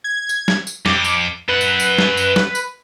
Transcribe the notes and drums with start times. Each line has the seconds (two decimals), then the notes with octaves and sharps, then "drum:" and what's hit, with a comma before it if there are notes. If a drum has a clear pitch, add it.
0.04 G#6
0.29 drum: tambourine
0.48 drum: snare
0.67 drum: tambourine
0.86 F2 D6, drum: snare
1.04 drum: tambourine
1.49 F#2 B4 F#5
1.61 drum: tambourine
1.80 drum: tambourine
1.98 drum: snare
2.17 drum: tambourine
2.36 drum: snare
2.55 drum: tambourine